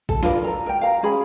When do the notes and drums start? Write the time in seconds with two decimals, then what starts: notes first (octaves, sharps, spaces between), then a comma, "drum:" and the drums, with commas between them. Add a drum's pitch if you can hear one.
0.09 A4, drum: kick A#1
0.23 F4 A#4 B4 D5, drum: snare
0.44 A4 A#5
0.66 A#4 G5
0.81 F5 A#5
1.03 C#4 G#4 B5